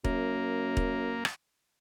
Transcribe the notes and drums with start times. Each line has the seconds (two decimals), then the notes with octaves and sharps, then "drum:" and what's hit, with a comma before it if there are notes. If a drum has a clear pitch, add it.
0.04 F#2 A#3, drum: kick E1
0.77 drum: kick E1
1.25 drum: rim click